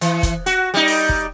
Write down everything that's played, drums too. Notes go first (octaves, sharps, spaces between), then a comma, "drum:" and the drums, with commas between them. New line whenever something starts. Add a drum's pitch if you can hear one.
E3, drum: hi-hat
drum: kick, hi-hat
F#4, drum: hi-hat
G3 D#4
drum: open hi-hat
drum: kick